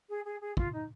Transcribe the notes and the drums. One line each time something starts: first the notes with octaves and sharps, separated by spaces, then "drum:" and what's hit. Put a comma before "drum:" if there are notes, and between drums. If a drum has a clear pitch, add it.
G#4
G#4
G#4
F4, drum: kick
D#4